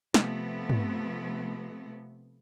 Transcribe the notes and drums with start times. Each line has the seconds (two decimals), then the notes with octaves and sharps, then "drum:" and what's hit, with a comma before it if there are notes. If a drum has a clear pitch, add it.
0.14 C3 F3 A3 B3, drum: snare
0.70 drum: tom